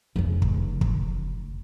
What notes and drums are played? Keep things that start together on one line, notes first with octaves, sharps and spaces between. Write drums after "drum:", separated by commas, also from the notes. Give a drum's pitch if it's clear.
F1 C#3
drum: kick
drum: kick